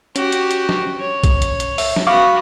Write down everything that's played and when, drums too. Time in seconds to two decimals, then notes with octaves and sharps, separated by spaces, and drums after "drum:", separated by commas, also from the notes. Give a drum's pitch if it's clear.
0.16 C#4 F#4 G4, drum: hi-hat
0.32 drum: hi-hat
0.51 drum: hi-hat
0.69 drum: snare
1.00 C#5
1.24 drum: kick, hi-hat
1.42 drum: hi-hat
1.60 drum: hi-hat
1.78 E5, drum: open hi-hat
1.96 drum: snare
2.07 B3 F#4 F5 C#6 D6